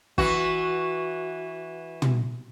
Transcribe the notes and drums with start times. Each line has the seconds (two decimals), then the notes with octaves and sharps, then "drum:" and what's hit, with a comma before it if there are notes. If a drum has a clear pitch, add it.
0.18 E3 F#4, drum: kick
2.02 drum: tom